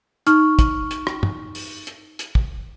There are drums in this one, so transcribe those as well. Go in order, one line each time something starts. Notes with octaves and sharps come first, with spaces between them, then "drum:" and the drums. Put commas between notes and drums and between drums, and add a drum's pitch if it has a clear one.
D#4 C#6 F6, drum: hi-hat
drum: kick, hi-hat
drum: hi-hat
drum: rim click
drum: tom
drum: open hi-hat
drum: hi-hat
drum: hi-hat
drum: kick